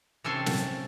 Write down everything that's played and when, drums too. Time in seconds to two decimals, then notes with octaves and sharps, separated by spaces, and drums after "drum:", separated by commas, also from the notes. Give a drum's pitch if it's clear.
0.24 C3 C#4 A4 C6
0.46 drum: snare